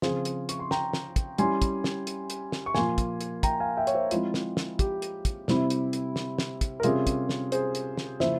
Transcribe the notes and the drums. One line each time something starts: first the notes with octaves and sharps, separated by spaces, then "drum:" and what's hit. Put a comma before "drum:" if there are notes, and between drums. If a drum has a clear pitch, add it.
C#3 F3 C4 F4 G#4 C5, drum: snare
drum: hi-hat
C#6, drum: hi-hat
C6
G5 A#5, drum: snare
drum: snare
drum: kick, hi-hat
G3 C#4 E4 G#5 C6, drum: hi-hat
drum: kick, hi-hat
drum: snare
drum: hi-hat
drum: hi-hat
drum: snare
C#6
A#2 F3 A#3 F4 G#5 C6, drum: snare
drum: kick, hi-hat
drum: hi-hat
G5 A#5, drum: kick, hi-hat
F5 G#5
E5 G5
C#5, drum: hi-hat
C5 E5
F3 G#3 C4 E4 F4, drum: hi-hat
drum: snare
drum: snare
G4, drum: kick, hi-hat
drum: hi-hat
drum: kick, hi-hat
C3 G3 C4 E4, drum: snare
drum: hi-hat
drum: hi-hat
drum: snare
drum: snare
drum: kick, hi-hat
A#4
C3 G3 C#4 F4 G#4, drum: hi-hat
drum: kick, hi-hat
drum: snare
G#4 C5, drum: hi-hat
drum: hi-hat
drum: snare
C#3 F3 A#3 E4 C5 E5, drum: snare